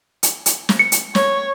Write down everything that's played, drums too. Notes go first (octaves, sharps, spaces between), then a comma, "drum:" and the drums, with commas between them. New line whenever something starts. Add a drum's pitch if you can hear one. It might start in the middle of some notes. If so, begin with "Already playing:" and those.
drum: hi-hat
drum: hi-hat
drum: snare
C#7
drum: hi-hat
C#5, drum: snare